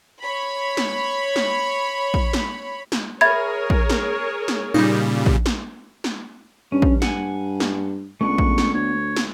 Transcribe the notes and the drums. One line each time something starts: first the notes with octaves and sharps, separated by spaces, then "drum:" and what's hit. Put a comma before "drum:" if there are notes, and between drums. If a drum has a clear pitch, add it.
C#5 B5
drum: snare
drum: snare
drum: kick
drum: snare
drum: snare
G#4 A#4 C#5 E5 B5 G#6
drum: kick
drum: snare
drum: snare
A#2 C#3 G3 D#4
drum: kick
drum: snare
drum: snare
G2 C#4
drum: kick
F#5 G#5, drum: snare
drum: snare
C#2 A3 B3 D4 C#6
drum: kick
drum: snare
D2 C#5
drum: snare